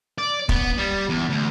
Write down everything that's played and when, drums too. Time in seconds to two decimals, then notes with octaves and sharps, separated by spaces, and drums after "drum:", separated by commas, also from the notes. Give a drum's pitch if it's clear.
0.18 D5
0.49 B3, drum: kick
0.78 G3
1.09 E2
1.29 D2